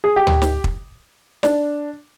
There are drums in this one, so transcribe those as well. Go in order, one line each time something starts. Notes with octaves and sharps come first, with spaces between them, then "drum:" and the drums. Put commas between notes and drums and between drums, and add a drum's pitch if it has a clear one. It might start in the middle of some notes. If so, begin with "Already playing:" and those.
G#4
G4
drum: tom D2
drum: snare
drum: kick
D4, drum: snare